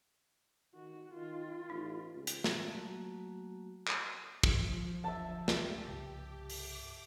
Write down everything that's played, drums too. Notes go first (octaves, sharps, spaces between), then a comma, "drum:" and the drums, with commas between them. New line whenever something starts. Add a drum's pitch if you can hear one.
D#3 F#4
D#3 F4
A1 D#4
C#2
drum: hi-hat
drum: snare
F#3 A3 A#3 F#4
drum: clap
F3, drum: kick
F#1 D2 E5 A5
C#2 F3 G4, drum: snare
C2 G2 C#3
D6, drum: open hi-hat